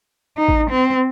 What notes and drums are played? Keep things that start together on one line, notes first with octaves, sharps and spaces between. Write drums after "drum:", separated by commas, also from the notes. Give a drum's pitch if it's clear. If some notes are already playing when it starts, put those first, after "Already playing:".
D#4
drum: kick A1
C4